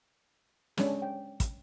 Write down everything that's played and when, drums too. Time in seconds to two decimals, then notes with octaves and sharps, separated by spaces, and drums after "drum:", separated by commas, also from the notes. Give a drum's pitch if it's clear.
0.77 G#3 C#4 D4, drum: snare
1.02 G5
1.40 drum: kick, hi-hat